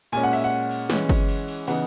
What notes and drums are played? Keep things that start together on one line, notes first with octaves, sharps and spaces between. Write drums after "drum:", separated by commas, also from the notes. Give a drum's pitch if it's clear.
A#2 G#3 C#4 G#5, drum: cymbal
F#5
E5, drum: cymbal
F#5
drum: cymbal
E3 G#3 C#4, drum: snare
drum: kick G1, cymbal
drum: cymbal
drum: cymbal
C#3 E3 B3 D#4 F#5, drum: cymbal